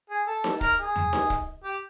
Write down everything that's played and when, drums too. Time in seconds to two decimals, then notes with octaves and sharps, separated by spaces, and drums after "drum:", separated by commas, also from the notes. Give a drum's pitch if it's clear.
0.10 G#4
0.27 A4
0.44 drum: snare D#4
0.61 A#4, drum: kick
0.78 G#4
0.96 drum: tom E2
1.13 drum: snare D#4
1.30 drum: kick
1.64 G4